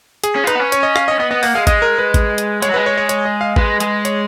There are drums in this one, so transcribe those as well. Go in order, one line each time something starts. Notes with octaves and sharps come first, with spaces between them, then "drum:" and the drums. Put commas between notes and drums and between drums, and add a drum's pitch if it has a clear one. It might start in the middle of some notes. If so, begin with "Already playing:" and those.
G#4, drum: hi-hat
C#4
F4
D#4 B4, drum: hi-hat
B3
C#4
C#5, drum: hi-hat
D#5
F5, drum: rim click
D#5
C#4
B3 D#5
B3 D#5
A#3 F#5, drum: open hi-hat
G#3 F5
G#3 D#5, drum: kick A1, hi-hat
A#4
B4
drum: kick A1, hi-hat
drum: hi-hat
G#3 C#5, drum: hi-hat
F#3
G#3 B4
C#5
C#5
C#5, drum: hi-hat
D#5
F5
G#3 B4, drum: kick A1
G#3, drum: hi-hat
C#5, drum: hi-hat